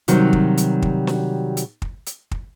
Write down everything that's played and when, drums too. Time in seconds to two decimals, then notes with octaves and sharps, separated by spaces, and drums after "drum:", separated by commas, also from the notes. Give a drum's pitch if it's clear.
0.08 C3 D#3 F#3 G3 F#4, drum: hi-hat
0.33 drum: kick
0.58 drum: hi-hat
0.82 drum: kick
1.07 drum: snare
1.57 drum: hi-hat
1.82 drum: kick
2.07 drum: hi-hat
2.31 drum: kick